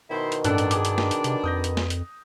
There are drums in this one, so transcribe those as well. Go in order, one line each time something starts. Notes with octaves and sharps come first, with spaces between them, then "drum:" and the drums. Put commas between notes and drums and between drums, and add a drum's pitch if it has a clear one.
B2 D#3 E4 C5
drum: hi-hat
A1 G2 D4 A4 F#6, drum: hi-hat
drum: hi-hat
G#4 G#5 D6, drum: hi-hat
drum: hi-hat
drum: snare
drum: hi-hat
C3, drum: hi-hat
F2 D#6 G6 A#6
drum: hi-hat
drum: snare
drum: hi-hat